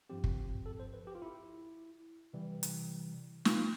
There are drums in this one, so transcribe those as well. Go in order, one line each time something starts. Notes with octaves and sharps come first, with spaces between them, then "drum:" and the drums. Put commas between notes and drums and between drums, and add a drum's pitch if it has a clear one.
G2 F3 C4 G4
drum: kick
A4
C5
B4
G4
F4
E4
C3 E3 G3
drum: hi-hat
F4, drum: snare